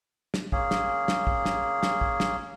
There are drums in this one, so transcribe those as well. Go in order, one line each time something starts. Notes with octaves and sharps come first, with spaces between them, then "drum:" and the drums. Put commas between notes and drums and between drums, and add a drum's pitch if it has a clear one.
drum: snare
A#3 C#4 G#4, drum: kick
drum: snare
drum: snare
drum: kick
drum: snare
drum: snare
drum: kick
drum: snare